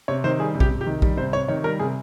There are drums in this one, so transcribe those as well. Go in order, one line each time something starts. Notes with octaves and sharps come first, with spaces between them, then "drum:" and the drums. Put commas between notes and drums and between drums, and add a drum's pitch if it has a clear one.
C3 C#5
D#3 C5
G3 G#4
C3
G4, drum: kick
C3
G4
D#3
G3, drum: kick
C3 C5
C3 C#5
D#3 C#5
G3 A#4
C3 G#4